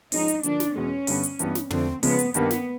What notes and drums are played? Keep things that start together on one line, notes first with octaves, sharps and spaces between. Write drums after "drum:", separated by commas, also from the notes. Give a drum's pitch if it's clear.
F3 G#3 C#4 D#4, drum: open hi-hat
drum: hi-hat
D3 F3 A#3 D4, drum: hi-hat
drum: snare
E2 B2 G#3 C#4
G2 D3 G3 B3, drum: open hi-hat
drum: hi-hat
G2 E3 G3 B3, drum: hi-hat
drum: snare
D3 F3 A3 C4, drum: tom
C#3 F3 G#3 B3, drum: open hi-hat
drum: hi-hat
G2 D#3 G3 A#3 B3 D4, drum: hi-hat
drum: snare